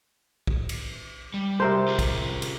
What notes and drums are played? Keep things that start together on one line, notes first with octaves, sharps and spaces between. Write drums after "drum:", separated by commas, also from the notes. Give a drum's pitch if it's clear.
drum: kick
drum: cymbal
G3
C3 A#4 C5
F4 G#4
drum: kick, cymbal
drum: cymbal